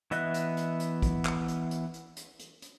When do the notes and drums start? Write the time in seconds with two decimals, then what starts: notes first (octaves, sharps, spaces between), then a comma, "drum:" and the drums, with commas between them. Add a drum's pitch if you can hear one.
0.11 E3 B3 D#5 E5 F#6, drum: hi-hat
0.34 drum: hi-hat
0.57 drum: hi-hat
0.80 drum: hi-hat
1.02 drum: kick, hi-hat
1.25 drum: clap
1.48 drum: hi-hat
1.71 drum: hi-hat
1.94 drum: hi-hat
2.16 drum: hi-hat
2.39 drum: hi-hat
2.62 drum: hi-hat